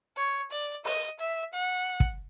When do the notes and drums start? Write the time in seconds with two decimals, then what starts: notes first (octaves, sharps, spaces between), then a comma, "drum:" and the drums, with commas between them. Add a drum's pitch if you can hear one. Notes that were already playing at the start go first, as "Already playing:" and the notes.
0.17 C#5
0.51 D5
0.85 D#5, drum: open hi-hat
1.20 E5
1.54 F#5
2.00 drum: kick